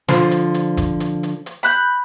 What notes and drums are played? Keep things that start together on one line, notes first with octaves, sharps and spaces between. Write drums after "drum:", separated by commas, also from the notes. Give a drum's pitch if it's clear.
D3 F3 C5, drum: snare
drum: hi-hat
drum: hi-hat
drum: kick F#1, hi-hat
drum: hi-hat
drum: hi-hat
drum: hi-hat
B5 F#6 G6